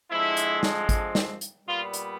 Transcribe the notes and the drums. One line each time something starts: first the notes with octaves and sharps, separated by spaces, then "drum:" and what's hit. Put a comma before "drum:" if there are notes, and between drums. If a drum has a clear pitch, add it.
D3 F3 G#3 C4 E4
drum: hi-hat
drum: snare
drum: kick, hi-hat
drum: snare
drum: hi-hat
A#2 G3 B3 F4
drum: hi-hat